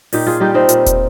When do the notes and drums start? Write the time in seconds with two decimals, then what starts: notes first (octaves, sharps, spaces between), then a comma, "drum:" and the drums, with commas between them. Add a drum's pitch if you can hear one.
0.13 A#2 D#4 G4, drum: open hi-hat
0.26 F4 G#4
0.40 G3 D#4 G4
0.54 C4 D#4
0.69 A#2, drum: hi-hat
0.86 drum: kick, hi-hat